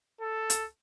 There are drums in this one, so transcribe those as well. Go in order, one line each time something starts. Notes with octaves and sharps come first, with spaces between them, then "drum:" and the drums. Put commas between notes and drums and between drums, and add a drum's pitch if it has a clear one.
A4
drum: hi-hat